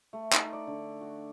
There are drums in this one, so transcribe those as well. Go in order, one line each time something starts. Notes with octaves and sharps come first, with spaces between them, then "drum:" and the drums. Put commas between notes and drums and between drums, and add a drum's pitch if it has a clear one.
A3
D#4, drum: clap
D5
D3
F#4